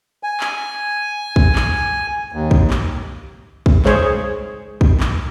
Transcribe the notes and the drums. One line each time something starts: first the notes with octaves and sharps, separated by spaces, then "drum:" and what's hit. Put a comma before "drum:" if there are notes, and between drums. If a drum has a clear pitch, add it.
G#5
drum: clap
drum: kick
drum: clap
D#2
drum: kick
drum: clap
drum: kick
G#3 G#4 C5 C#5, drum: clap
drum: kick
drum: clap